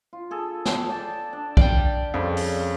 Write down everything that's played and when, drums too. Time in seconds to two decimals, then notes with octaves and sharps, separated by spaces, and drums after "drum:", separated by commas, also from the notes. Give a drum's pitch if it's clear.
0.13 F4
0.31 G#4 A4
0.65 drum: snare
0.89 D5 G5 A5
1.33 D4
1.57 D5 F5 G5, drum: kick B1
2.14 F2 C#3 G3 A#4
2.37 drum: open hi-hat